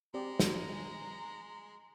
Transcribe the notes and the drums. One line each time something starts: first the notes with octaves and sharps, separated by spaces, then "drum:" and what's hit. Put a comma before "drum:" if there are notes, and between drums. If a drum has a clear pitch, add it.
G#3 C4 G4 D5 A#5
drum: snare